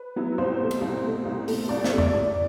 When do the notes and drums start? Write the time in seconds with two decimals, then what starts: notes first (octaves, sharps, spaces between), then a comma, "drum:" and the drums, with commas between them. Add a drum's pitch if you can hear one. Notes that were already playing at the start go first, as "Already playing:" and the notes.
Already playing: B4
0.16 F#3 B3 E4
0.38 C2 C5
0.60 B2 A3
0.71 drum: cymbal
0.81 C2
1.04 B2 A3
1.25 C2
1.48 B2 A3, drum: open hi-hat
1.69 C2 D5
1.84 E5, drum: snare
1.91 B2 A3
1.98 D5, drum: tom F2
2.13 A2 D5